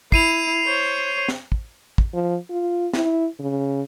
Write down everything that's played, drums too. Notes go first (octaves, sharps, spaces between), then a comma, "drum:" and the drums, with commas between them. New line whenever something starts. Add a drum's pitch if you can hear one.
E4 C7 D#7 F7, drum: kick
C5 C#5
drum: snare
drum: kick
drum: kick
F3
F4
E4, drum: snare
C#3